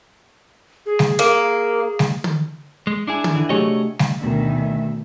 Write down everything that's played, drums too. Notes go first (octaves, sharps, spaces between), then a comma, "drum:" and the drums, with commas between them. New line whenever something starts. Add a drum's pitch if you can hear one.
G#4
drum: snare G3
A#3
drum: snare G3
drum: tom
G#3
D4 E4 G#4
drum: tom
D3 E3
C3 F#3 A3 G#4 C#5 D#5
drum: snare G3
D2 B2 D#3 E5